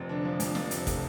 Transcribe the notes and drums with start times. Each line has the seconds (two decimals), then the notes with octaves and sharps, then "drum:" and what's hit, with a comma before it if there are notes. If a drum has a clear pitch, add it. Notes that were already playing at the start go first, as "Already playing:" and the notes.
Already playing: F1 F2 C4
0.09 D3 D4
0.25 F3
0.40 F2 D4, drum: hi-hat
0.55 F1, drum: snare
0.71 C3, drum: hi-hat
0.87 A3, drum: kick, hi-hat